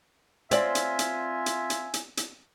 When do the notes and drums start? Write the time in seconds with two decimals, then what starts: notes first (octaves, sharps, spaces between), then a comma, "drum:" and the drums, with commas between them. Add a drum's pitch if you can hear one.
0.51 C4 F4 D5 E5 G#5, drum: hi-hat
0.75 drum: hi-hat
0.99 drum: hi-hat
1.46 drum: hi-hat
1.70 drum: hi-hat
1.94 drum: hi-hat
2.17 drum: hi-hat